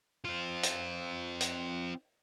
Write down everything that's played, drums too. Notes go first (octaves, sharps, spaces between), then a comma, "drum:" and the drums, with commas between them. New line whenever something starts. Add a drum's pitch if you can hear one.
C4 F4
drum: hi-hat
drum: hi-hat